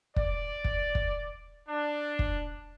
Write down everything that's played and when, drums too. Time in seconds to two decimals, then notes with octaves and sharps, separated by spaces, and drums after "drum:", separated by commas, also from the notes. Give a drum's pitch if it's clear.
0.16 D5, drum: kick
0.64 drum: kick
0.95 drum: kick
1.68 D4
2.19 drum: kick